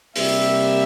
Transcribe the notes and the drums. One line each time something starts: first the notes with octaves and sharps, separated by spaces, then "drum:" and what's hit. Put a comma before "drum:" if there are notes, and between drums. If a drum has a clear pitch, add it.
C3 G3 A#3 E5, drum: open hi-hat